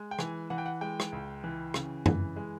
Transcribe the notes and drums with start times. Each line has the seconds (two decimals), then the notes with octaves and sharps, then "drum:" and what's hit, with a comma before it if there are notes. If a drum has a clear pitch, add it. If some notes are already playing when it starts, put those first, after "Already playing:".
Already playing: G#3
0.11 G5
0.19 E3 G#5, drum: rim click
0.50 E3 F#5
0.58 G5
0.66 F#5
0.81 G#3 G5
1.00 drum: rim click
1.12 C#2
1.44 E3
1.74 C#3, drum: rim click
2.06 E3, drum: tom F#2
2.36 G#3